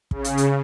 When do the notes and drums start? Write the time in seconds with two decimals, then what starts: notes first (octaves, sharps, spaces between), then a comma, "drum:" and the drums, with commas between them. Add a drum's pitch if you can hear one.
0.11 C#3, drum: kick
0.24 drum: hi-hat
0.38 drum: hi-hat